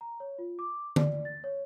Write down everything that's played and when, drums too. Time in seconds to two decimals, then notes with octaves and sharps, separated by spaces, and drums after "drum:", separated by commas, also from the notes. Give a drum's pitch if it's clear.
0.01 A#5
0.20 C#5
0.39 F4
0.59 D6
0.96 D5, drum: tom D3
1.25 A6
1.44 C#5